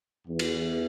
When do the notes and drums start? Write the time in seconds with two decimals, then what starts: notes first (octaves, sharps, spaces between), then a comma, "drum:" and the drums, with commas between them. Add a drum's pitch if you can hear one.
0.26 E2 E3
0.39 drum: cymbal